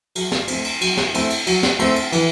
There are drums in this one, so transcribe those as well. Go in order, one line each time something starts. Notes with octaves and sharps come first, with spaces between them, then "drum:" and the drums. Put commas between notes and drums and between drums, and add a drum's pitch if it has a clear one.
F#3, drum: cymbal
drum: snare
A3 C4, drum: cymbal
drum: cymbal
F#3, drum: cymbal
drum: snare
A3 C4, drum: cymbal
drum: cymbal
F#3, drum: cymbal
drum: snare
A3 C4, drum: cymbal
drum: cymbal
E3, drum: cymbal